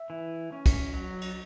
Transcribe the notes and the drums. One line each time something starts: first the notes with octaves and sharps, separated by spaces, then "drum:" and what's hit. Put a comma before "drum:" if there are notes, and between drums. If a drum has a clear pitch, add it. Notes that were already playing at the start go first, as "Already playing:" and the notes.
Already playing: E5
E3
C#4
drum: kick, cymbal
F#3
drum: cymbal